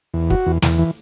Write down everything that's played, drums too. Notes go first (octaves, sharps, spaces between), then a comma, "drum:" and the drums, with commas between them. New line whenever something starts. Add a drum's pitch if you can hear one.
E2
F#4, drum: kick
E2
E2, drum: snare
E3